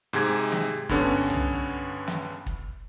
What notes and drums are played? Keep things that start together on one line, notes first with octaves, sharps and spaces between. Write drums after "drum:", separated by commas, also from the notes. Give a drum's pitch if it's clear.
G#2 C3 G#3 G#6
drum: snare
G2 D3 B3 C#4, drum: kick
drum: tom C2
drum: snare
drum: kick